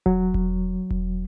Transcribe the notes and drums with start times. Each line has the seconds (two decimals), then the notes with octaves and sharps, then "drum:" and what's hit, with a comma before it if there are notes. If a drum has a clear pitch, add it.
0.06 F#3, drum: kick E1
0.34 drum: kick E1
0.90 drum: kick E1